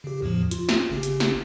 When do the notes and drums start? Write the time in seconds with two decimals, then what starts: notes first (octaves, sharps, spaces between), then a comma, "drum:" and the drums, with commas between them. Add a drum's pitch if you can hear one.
0.04 C#3 G4
0.22 E2 A2 F3
0.51 F4, drum: hi-hat
0.69 drum: snare
0.90 G1 C#3 G4
1.03 drum: hi-hat
1.20 drum: snare